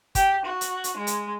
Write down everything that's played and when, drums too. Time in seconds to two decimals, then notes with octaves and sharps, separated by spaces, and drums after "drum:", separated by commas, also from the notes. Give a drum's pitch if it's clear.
0.15 G4, drum: kick, hi-hat
0.46 F#4
0.61 drum: hi-hat
0.84 drum: hi-hat
0.97 G#3
1.07 drum: hi-hat